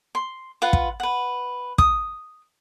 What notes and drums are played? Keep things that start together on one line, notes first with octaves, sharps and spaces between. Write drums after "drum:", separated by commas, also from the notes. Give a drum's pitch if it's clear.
C6
F4 B4 F#5
drum: kick
B4 F#5
D#6, drum: kick